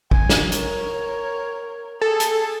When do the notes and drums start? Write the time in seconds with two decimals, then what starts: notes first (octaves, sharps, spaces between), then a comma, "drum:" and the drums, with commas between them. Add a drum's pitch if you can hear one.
0.11 G#5, drum: kick
0.30 drum: snare
0.52 A#4 C#5, drum: hi-hat
2.01 G#4 A4
2.20 drum: hi-hat